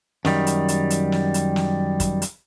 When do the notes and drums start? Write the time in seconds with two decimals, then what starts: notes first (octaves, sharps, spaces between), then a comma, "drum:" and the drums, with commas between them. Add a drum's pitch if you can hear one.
0.25 F#2 D#3 G3, drum: snare
0.47 drum: hi-hat
0.68 drum: hi-hat
0.90 drum: hi-hat
1.12 drum: snare
1.34 drum: hi-hat
1.56 drum: snare
2.00 drum: kick, hi-hat
2.22 drum: hi-hat